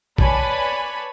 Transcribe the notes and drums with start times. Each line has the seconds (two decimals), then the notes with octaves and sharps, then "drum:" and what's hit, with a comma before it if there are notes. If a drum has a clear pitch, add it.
0.18 B4 C#5 D5 G#5 A5 B5, drum: kick